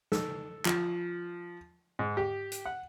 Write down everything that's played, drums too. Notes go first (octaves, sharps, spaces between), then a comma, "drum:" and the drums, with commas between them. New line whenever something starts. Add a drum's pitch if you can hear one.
A4, drum: snare
F3, drum: clap
G#2
G4
drum: hi-hat
F#5